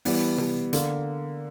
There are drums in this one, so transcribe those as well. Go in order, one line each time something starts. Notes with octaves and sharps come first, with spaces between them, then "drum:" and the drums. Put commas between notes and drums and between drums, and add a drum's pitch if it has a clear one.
E3 G3 B3, drum: open hi-hat
drum: tom C3
D3 A#3, drum: hi-hat